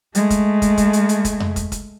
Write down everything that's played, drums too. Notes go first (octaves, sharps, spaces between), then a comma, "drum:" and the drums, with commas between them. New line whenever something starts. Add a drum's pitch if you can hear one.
G#3 A3, drum: hi-hat
drum: kick, hi-hat
drum: kick, hi-hat
drum: kick, hi-hat
drum: hi-hat
drum: hi-hat
drum: kick, hi-hat
drum: tom F2
drum: kick, hi-hat
drum: kick, hi-hat